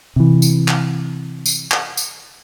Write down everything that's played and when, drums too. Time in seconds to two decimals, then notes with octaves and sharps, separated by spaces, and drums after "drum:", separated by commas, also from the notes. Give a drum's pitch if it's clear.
0.16 C3 E3
0.42 drum: tambourine
0.68 drum: clap
1.46 drum: tambourine
1.72 drum: clap
1.97 drum: tambourine